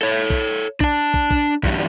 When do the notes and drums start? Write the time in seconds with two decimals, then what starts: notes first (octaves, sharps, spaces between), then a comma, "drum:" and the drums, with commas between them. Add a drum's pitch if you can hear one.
0.02 A4 C#5
0.30 drum: kick
0.80 D4 A5, drum: kick
1.14 drum: kick
1.31 drum: kick
1.63 E2 G2 G3, drum: kick